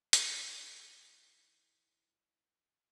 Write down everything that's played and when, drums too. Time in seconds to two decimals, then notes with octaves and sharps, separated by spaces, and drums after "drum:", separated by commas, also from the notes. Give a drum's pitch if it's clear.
0.13 E3 D#4 E4 A4, drum: hi-hat